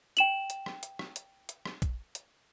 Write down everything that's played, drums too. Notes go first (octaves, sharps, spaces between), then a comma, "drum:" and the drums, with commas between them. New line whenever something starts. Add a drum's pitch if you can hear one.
G5 E7 F#7, drum: hi-hat
drum: hi-hat
drum: rim click
drum: hi-hat
drum: rim click
drum: hi-hat
drum: hi-hat
drum: rim click
drum: kick A#1, hi-hat
drum: hi-hat